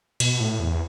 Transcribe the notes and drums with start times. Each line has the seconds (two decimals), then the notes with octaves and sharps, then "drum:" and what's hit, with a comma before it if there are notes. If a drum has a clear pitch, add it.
0.20 B2, drum: cymbal
0.40 A2
0.60 E2